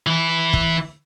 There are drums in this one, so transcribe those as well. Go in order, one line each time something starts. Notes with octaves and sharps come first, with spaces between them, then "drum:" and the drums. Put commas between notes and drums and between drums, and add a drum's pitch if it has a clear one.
E3 E4
drum: kick